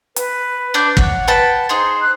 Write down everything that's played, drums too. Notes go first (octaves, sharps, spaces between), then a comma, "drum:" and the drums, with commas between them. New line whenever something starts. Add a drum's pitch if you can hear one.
B4, drum: hi-hat
D4 D5 G6
C#5 F#5, drum: kick
B4 G5 A5
D#4 G#4 C5
F#6